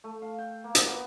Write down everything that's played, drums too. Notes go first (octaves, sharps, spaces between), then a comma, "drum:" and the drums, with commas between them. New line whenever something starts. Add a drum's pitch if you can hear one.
A3
F5
G5
A#3
drum: hi-hat
B3